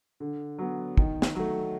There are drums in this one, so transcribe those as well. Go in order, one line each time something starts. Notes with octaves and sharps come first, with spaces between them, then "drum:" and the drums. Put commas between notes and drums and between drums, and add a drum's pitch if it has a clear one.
D3
F#3 B3
D#3, drum: kick
drum: snare
F#3 A3